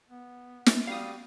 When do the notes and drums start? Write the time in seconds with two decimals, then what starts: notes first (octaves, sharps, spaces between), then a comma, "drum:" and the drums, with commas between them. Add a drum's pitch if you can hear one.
0.10 B3
0.66 drum: snare
0.87 G3 F#4 F5 D#6